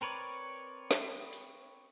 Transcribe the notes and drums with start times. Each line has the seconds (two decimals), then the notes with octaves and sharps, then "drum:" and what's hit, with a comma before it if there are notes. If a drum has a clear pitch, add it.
0.01 C4 A#4 B4 C#5 D5
0.91 drum: snare
1.33 drum: open hi-hat